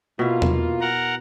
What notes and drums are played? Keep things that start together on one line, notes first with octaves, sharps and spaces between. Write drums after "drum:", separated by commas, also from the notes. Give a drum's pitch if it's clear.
B2 A#3 E4 F4
drum: tom E2
A#4 F#5 A#5